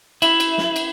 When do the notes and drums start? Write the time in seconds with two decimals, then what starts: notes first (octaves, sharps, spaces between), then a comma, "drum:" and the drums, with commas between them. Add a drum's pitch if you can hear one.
0.22 E4, drum: cymbal
0.40 drum: cymbal
0.58 drum: snare
0.76 drum: cymbal